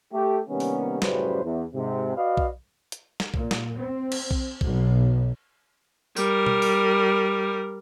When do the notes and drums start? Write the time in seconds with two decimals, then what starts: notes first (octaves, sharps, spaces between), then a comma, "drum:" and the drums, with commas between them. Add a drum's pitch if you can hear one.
0.13 A3 G4
0.48 C3 D#3 G3 A#3 B3 C#4
0.60 drum: open hi-hat
1.02 F#2 A2 C#3 G3 B4 C5, drum: snare
1.44 E2
1.74 G#2 C3
2.15 F#4 B4 D5 D#5 F5
2.37 drum: kick B1
2.92 drum: hi-hat
3.20 drum: snare
3.34 A#2, drum: kick B1
3.51 drum: snare
3.77 C4
4.12 drum: cymbal
4.31 drum: kick B1
4.61 B1, drum: kick B1
6.17 G3 A#4, drum: tambourine
6.46 drum: tom B2
6.62 drum: open hi-hat